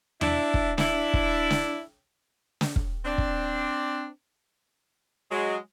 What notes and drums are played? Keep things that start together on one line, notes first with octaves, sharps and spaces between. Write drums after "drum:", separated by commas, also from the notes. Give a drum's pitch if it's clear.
D4 E4, drum: tom E2
drum: kick
D4 E4, drum: snare
drum: kick
drum: snare
drum: snare
drum: kick
C4 D4
drum: kick
F#3 G#3